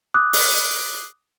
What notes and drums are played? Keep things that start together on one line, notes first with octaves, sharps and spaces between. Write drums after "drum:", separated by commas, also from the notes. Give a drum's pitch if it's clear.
D6 D#6 F#6
drum: open hi-hat